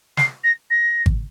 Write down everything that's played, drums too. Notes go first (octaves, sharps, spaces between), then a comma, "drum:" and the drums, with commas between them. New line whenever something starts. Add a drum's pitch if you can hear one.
C7, drum: snare
A#6
A#6
drum: kick G#1